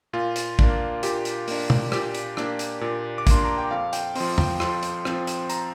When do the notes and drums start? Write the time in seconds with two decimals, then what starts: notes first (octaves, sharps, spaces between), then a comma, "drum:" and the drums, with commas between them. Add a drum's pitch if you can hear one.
0.13 A#2 F4
0.36 drum: hi-hat
0.59 A#3 D4, drum: kick
1.03 A#2 G4, drum: hi-hat
1.25 drum: hi-hat
1.48 A#3 D4, drum: open hi-hat
1.70 drum: tom
1.92 A#2 G4, drum: rim click
2.15 drum: hi-hat
2.37 A#3 D4, drum: rim click
2.59 drum: hi-hat
2.81 A#2
3.18 D6
3.27 A#3 D4 C6, drum: kick, hi-hat
3.44 A#5
3.58 G5
3.71 F2 F5
3.93 G5, drum: hi-hat
4.15 F3 C4 C6, drum: open hi-hat
4.38 G5, drum: tom E2
4.60 F2 C6, drum: rim click
4.83 drum: hi-hat
5.05 F3 C4, drum: rim click
5.27 drum: hi-hat
5.49 A#5, drum: hi-hat